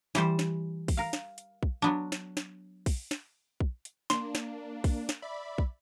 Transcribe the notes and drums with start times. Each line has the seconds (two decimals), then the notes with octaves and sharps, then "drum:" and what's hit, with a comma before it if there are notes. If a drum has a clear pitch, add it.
0.15 E3 G3 C5, drum: snare
0.39 drum: snare
0.88 drum: kick A#1, open hi-hat
0.97 A#4 F5
1.13 drum: snare
1.38 drum: hi-hat
1.63 drum: kick A#1
1.82 F#3 B3 D4
2.12 drum: snare
2.37 drum: snare
2.86 drum: kick A#1, open hi-hat
3.11 drum: snare
3.60 drum: kick A#1
3.85 drum: hi-hat
4.10 A#3 D4 C6, drum: snare
4.35 drum: snare
4.84 drum: kick A#1, open hi-hat
5.09 drum: snare
5.22 D5 E5 B5
5.58 drum: kick A#1